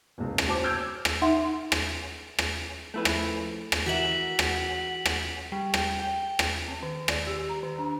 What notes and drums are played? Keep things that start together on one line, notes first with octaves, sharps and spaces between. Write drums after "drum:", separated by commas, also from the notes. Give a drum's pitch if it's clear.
F#1 C#2
drum: rim click
F#4 C5 A5 D6
E6 F6 G6 G#6 D7
drum: rim click
D#4 E5 F#5 C6
drum: rim click
drum: rim click
F3 A3 E4 B4
drum: rim click
drum: rim click
E3 F#4 A#4 E5 F#5 B6 F#7
drum: rim click
drum: rim click
G3
G5, drum: rim click
G5
drum: rim click
C4
D#3
D5, drum: rim click
G4
A#5
D#3
D4